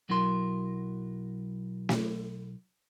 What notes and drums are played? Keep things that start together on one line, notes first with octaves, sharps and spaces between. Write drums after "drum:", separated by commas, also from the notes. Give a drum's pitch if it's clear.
B1 F#3 E4 A#4 C6
drum: snare